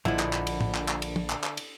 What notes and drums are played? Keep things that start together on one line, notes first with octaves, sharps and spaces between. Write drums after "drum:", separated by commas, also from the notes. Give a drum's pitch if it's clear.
A#1 D3 F3 G#3 E4, drum: tom
drum: clap
drum: clap
drum: cymbal
drum: tom
drum: clap
drum: clap
drum: cymbal
drum: tom
drum: clap
drum: clap
drum: cymbal